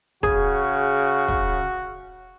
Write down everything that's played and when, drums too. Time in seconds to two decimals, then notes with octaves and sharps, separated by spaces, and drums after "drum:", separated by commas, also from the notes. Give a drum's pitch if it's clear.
0.23 C#3 F#4 G#4, drum: kick
1.28 drum: kick